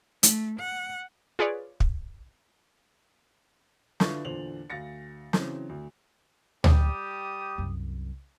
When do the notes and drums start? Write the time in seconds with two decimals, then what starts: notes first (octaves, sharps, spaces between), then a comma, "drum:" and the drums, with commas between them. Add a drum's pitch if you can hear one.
0.23 A3, drum: hi-hat
0.60 F#5
1.39 F4 G#4 B4 C#5 D5
1.80 drum: kick
4.00 D3 E4 F4 B4 C#6 A6, drum: snare
4.25 E2 A#2 D3 C5 F7 F#7
4.70 D2 F5 A6 A#6 C#7
5.33 C#3 E3 F#3 C4, drum: snare
5.69 D2
6.64 G3 G4 D#6, drum: tom D2
7.58 C2 F#2